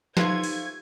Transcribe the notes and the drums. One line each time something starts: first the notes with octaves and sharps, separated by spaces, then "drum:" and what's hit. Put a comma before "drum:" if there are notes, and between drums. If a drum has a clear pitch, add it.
F3 A3 D#4 F4 G4 B4 C5 G#6, drum: snare
drum: open hi-hat